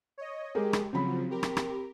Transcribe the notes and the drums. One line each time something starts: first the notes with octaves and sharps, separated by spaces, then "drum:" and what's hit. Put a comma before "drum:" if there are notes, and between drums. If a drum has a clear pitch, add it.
C#5 D#5
G#3 G4 G#4 A#4
drum: rim click
C#3 F3 F#3 C4 B5
G4 A#4
drum: rim click
drum: rim click